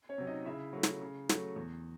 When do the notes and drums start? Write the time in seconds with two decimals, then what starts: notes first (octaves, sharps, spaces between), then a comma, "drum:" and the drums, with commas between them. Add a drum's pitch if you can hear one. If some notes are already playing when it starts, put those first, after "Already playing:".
0.09 C#4 C#5
0.18 C3 F#3
0.27 D#4 D#5
0.45 C#3 E4 E5
0.73 F#3 A3
0.83 drum: snare
1.02 C#3
1.29 F#3 A3, drum: snare
1.56 E2